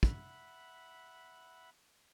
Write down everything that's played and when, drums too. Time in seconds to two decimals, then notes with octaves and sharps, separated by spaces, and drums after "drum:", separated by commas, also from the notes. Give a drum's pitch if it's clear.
0.03 E5 F#5 B5, drum: kick